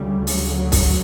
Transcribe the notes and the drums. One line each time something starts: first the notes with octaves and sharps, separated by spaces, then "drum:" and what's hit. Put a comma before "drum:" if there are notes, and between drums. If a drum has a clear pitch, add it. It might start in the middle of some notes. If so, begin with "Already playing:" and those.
Already playing: D2 C#3 G3
F#3, drum: open hi-hat
drum: kick C2, open hi-hat